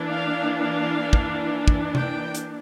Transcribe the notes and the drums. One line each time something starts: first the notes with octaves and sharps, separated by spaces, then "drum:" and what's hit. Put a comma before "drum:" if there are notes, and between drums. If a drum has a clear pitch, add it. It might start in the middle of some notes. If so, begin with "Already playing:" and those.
Already playing: E3 A#3 D4
F5
F5
drum: kick
drum: kick
G5, drum: tom C3
drum: hi-hat